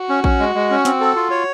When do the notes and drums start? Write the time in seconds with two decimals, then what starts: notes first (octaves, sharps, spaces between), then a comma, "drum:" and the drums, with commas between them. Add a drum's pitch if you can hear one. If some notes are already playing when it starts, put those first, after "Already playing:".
Already playing: F#4
0.09 C#4
0.24 C#4, drum: kick A#1
0.39 G#3
0.55 G#3
0.70 C#4
0.85 C4, drum: snare
1.00 A4
1.16 F4
1.31 C#5